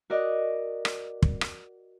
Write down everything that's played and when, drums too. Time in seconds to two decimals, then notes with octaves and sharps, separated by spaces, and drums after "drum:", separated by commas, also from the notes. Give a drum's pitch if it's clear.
0.10 F#4 A#4 D5 D#5 F#5
0.85 drum: rim click
1.22 drum: kick
1.41 drum: rim click